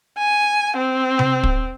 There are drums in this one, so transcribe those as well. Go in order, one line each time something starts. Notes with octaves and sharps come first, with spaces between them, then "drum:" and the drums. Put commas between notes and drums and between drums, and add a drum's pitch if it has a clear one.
G#5
C4
drum: tom C3
drum: kick